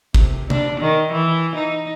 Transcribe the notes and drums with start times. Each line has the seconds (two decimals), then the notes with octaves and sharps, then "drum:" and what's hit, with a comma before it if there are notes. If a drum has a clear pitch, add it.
0.14 C3, drum: kick
0.50 D4, drum: tom C3
0.80 D#3
1.12 E3
1.56 D#4